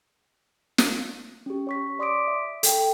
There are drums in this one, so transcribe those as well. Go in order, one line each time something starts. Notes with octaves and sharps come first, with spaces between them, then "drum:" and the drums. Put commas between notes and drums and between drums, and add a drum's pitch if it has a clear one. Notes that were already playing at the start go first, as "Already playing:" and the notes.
drum: snare
C#4 G4
C#5 C#6 B6
D5 C6 D6 D#6 B6 D7
E5
A4 G5, drum: hi-hat